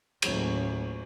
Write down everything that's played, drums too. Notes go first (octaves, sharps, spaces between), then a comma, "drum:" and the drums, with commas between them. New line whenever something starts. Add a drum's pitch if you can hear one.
D#2 A2 F#3 A3 C#4, drum: cymbal